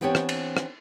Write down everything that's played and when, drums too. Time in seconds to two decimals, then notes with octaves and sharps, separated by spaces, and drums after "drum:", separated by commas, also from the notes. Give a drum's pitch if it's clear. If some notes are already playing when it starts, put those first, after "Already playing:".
0.01 E3 B3 C4 D4 G4 C#5
0.15 drum: rim click
0.29 drum: cymbal
0.57 drum: rim click